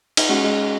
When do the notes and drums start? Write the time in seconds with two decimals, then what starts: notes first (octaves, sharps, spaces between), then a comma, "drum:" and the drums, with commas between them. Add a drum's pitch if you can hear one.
0.17 D#4, drum: cymbal
0.29 G#3 C#4 F#4
0.44 G#3